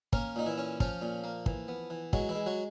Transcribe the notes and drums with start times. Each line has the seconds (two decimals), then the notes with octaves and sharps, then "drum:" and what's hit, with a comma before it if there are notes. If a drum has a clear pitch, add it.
0.13 A#3 C#4 A#4, drum: kick
0.36 A#2 D#4
0.46 E3 E4
0.58 C#4
0.80 F3 C#4 F4, drum: kick
1.02 A#2
1.24 A#3
1.46 E3, drum: kick
1.68 B3
1.90 E3
2.13 F#3 G#3 F#4, drum: kick
2.29 E3 E4
2.35 G#3
2.46 F#3 F#4